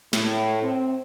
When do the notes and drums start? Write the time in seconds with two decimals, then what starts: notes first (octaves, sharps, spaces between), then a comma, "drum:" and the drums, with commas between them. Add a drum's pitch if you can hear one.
0.13 A2, drum: snare
0.62 C4